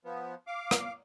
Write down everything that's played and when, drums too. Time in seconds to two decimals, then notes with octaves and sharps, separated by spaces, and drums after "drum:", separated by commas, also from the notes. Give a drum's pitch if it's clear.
0.05 F3 B3
0.47 F5 D6
0.71 drum: rim click